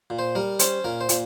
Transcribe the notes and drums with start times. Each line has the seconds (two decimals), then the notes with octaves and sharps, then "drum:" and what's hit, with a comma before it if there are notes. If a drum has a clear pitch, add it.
0.10 A#2
0.19 C5
0.35 G3 A#4
0.59 C#4 C5, drum: hi-hat
0.84 A#2 A#4
1.01 C5
1.09 A#2, drum: hi-hat